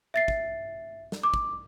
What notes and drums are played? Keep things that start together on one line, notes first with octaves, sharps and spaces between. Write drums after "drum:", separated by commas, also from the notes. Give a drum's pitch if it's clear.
E5 A6 C7
drum: kick
drum: snare
D6
drum: kick